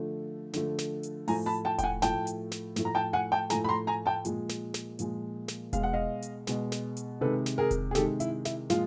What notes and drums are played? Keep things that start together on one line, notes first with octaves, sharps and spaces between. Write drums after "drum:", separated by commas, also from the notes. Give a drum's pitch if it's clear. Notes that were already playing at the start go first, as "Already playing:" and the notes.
Already playing: D3 F3 A3
D3 F3 A3, drum: snare
drum: snare
drum: hi-hat
A2 F3 A3 G#5 A#5, drum: open hi-hat
A5 B5
G5 A5
G5, drum: kick E1, hi-hat
F#5 G#5
A2 F3 A3 G5 A5, drum: snare
drum: hi-hat
drum: snare
A2 F3 A3, drum: snare
A#5
G5 A5
F#5 G#5
G5 A5
A2 F3 A3 G#5 A#5, drum: snare
B5
A#5 C6
G#5 A#5
G5 A5
A#2 F3 G#3, drum: hi-hat
drum: snare
drum: snare
A#2 F3 G#3, drum: hi-hat
drum: snare
B2 G#3 F5, drum: kick E1, hi-hat
F#5
D#5 F5
drum: hi-hat
B2 G#3, drum: snare
drum: snare
drum: hi-hat
C3 D#3 G#3 A4 B4
drum: snare
G#4 A#4
drum: kick E1, hi-hat
G#4
C3 D#3 G#3 G4 A4, drum: snare
E4, drum: hi-hat
E4, drum: snare
A#2 F3 G#3 F4, drum: snare